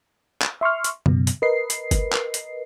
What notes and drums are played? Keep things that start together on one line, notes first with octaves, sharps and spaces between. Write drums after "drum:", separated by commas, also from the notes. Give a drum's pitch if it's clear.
drum: clap
E5 C6 C#6 F6
drum: hi-hat
F#2 B2, drum: tom C#3
drum: hi-hat
A#4 B4 D#5 C7
drum: hi-hat
drum: kick G1, hi-hat
drum: clap
drum: hi-hat